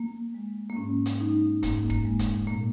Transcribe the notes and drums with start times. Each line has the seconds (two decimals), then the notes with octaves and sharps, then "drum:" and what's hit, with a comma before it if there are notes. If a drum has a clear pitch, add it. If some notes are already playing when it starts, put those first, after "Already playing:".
Already playing: A#3
0.34 G#3
0.69 A#3
0.77 G#2 C#4
1.06 drum: hi-hat
1.20 G#3 D#4
1.63 G#2 A#3, drum: kick D#1, hi-hat
1.90 A#3, drum: kick D#1
2.05 G#3
2.19 drum: kick D#1, hi-hat
2.47 A#2 A#3